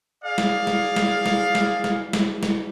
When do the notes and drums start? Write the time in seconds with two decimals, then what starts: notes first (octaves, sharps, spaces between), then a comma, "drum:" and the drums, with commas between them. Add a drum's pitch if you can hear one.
0.23 G#4 D5 F5
0.38 drum: snare
0.67 drum: snare
0.96 drum: snare
1.26 drum: snare
1.55 drum: snare
1.84 drum: snare
2.13 drum: snare
2.43 drum: snare